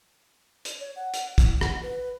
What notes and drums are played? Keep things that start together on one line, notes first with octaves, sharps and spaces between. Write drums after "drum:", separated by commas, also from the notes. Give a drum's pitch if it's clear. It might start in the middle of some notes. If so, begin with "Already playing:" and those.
drum: hi-hat
C#5
F#5
drum: hi-hat
E4, drum: kick, hi-hat
F#5, drum: rim click
B4